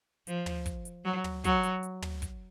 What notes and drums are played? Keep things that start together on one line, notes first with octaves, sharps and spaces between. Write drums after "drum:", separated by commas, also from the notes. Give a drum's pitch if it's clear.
F3, drum: hi-hat
drum: tom
drum: kick, hi-hat
drum: hi-hat
F#3
drum: tom
F#3, drum: kick, hi-hat
drum: hi-hat
drum: hi-hat
drum: tom
drum: kick, hi-hat